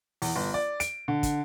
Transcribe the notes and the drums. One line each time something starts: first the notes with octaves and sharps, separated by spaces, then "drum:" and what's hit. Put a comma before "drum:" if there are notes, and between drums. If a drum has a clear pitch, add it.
E2, drum: open hi-hat
G1
D5
D7, drum: hi-hat
D3
drum: kick, hi-hat